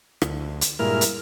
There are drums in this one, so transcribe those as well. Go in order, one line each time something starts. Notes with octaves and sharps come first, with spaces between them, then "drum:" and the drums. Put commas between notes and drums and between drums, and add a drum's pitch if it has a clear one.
D2, drum: rim click
drum: hi-hat
G2 A#2 G#3 E4 A#4 F6
drum: hi-hat